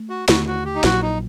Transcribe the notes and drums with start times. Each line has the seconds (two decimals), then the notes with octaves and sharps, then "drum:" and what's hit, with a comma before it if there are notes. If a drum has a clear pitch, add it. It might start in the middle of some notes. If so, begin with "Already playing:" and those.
Already playing: A3
0.10 F#4
0.28 D#2 D3 A3 F#4, drum: snare
0.47 F#4
0.65 G4
0.75 D#4
0.84 A#1 A#2 F#3 F#4, drum: snare
1.02 D#4